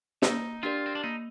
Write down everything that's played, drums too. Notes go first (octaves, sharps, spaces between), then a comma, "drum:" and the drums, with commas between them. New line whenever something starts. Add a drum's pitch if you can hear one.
A#3 D#4, drum: snare
D4 F4 G4 A#4 D5
C4
D4
A#3 D#4